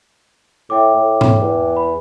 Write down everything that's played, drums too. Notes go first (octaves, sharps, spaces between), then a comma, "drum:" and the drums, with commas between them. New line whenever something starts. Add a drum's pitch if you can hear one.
A2 E5 G5 D6
A2
drum: tom G#2
E2
B5